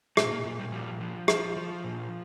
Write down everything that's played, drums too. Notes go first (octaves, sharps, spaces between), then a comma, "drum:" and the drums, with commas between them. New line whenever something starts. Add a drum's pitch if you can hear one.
A#2 A3, drum: rim click
A#3
A#2 A#3
G3
F3 G3
F3
F3, drum: rim click
F3
A#2